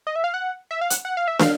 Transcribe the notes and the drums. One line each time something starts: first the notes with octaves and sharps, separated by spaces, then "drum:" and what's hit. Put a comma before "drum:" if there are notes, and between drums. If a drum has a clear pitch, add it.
D#5
E5
F5
F#5
E5
F5
F#5, drum: hi-hat
F#5
F5
E5
F5, drum: snare